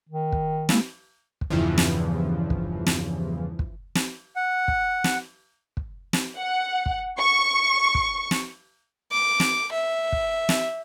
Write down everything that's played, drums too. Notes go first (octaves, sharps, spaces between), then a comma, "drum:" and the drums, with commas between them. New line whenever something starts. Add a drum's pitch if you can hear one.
D#3
drum: kick
G#3 A#3 E4, drum: snare
drum: kick
E2 G2 C#3 E3 F3
drum: snare
drum: kick
drum: snare
drum: kick
drum: snare
F#5
drum: kick
drum: snare
drum: kick
drum: snare
F#5
drum: kick
C#6
drum: kick
drum: snare
D6
drum: snare
E5
drum: kick
drum: snare